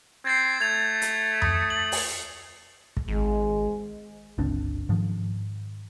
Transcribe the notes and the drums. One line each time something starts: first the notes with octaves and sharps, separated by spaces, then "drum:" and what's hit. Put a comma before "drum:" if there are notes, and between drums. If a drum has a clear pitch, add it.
C4 G#6 A6 C7
A3 G#6 F7
drum: hi-hat
D#6, drum: tom F2
F#7
drum: open hi-hat
drum: kick
G#1 G#3
G1 C#2 C4 D4
G#2 D#3 F3